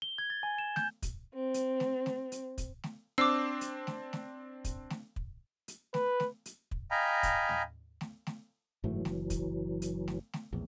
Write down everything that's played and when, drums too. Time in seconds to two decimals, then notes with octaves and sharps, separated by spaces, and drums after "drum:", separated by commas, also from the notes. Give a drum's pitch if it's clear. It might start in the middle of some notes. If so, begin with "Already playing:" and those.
0.02 G7
0.18 G#6
0.30 A6
0.43 G#5
0.58 E7
0.76 G6, drum: snare A3
1.02 drum: kick, hi-hat
1.34 C4
1.54 drum: hi-hat
1.80 drum: snare A3
2.06 drum: snare A3
2.32 drum: hi-hat
2.58 drum: kick, hi-hat
2.84 drum: snare A3
3.18 C4 D4 D6 E6 C7
3.61 drum: hi-hat
3.87 drum: snare A3
4.13 drum: snare A3
4.65 drum: kick, hi-hat
4.90 drum: snare A3
5.16 drum: kick
5.68 drum: hi-hat
5.94 B4, drum: snare A3
6.20 drum: snare A3
6.46 drum: hi-hat
6.71 drum: kick
6.91 D#5 F5 G5 G#5 A#5 B5
7.23 drum: kick, hi-hat
7.49 drum: tom
8.01 drum: snare A3
8.27 drum: snare A3
8.84 F#1 G#2 E3 F#3 A3
9.05 F#1, drum: snare A3
9.30 drum: kick, hi-hat
9.82 drum: hi-hat
10.08 drum: snare A3
10.33 drum: snare A3
10.53 A#1 E2 A2